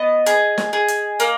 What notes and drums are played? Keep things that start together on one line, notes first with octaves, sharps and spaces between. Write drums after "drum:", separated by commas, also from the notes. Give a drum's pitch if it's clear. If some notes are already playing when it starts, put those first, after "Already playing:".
Already playing: B3 D#5
G#4, drum: hi-hat
drum: snare
G#4
drum: hi-hat
A#3, drum: hi-hat